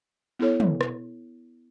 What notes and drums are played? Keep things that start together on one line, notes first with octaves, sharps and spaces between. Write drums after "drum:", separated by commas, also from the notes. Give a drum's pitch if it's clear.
B3 E4 A4 C#5
drum: tom
drum: rim click